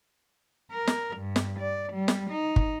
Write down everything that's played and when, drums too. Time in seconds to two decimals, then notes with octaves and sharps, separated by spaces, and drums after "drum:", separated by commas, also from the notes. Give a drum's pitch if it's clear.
0.72 A#4
0.87 drum: snare
1.17 G2
1.36 drum: snare
1.60 D5
1.93 G3
2.08 drum: snare
2.31 D#4
2.56 drum: kick